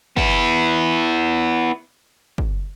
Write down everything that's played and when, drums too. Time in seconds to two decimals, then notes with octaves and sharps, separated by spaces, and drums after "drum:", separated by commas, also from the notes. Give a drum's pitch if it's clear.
0.17 B3 E4, drum: kick
2.38 drum: kick